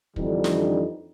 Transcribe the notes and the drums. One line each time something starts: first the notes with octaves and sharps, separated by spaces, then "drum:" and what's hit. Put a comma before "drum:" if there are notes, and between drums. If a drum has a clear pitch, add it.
F2 D3 E3 G3 D4 D#4, drum: kick
drum: snare